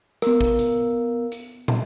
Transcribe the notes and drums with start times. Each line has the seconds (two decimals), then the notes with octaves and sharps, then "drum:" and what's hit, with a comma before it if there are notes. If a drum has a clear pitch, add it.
0.22 B3 A#4, drum: rim click
0.41 drum: kick A1
0.59 drum: hi-hat
1.32 drum: hi-hat
1.68 drum: tom